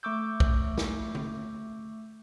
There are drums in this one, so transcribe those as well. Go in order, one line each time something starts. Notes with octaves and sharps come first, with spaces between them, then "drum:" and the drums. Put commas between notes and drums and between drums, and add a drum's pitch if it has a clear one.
A3 C#6 D6 E6 G6
drum: kick
drum: snare
drum: tom D3